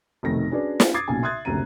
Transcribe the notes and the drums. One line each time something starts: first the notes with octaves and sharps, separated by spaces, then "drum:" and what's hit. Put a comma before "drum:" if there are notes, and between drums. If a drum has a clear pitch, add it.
F1 B1 D#3 A3 A#6
C#4 D4 F#4 G#4 B4 D5
drum: snare
D6 D#6 G#6 A6 C7
B1 A#2 C#3 G#5
E5 C6 D#6 F#6 G#6 A6
F#1 D2 C3 A#5 D#7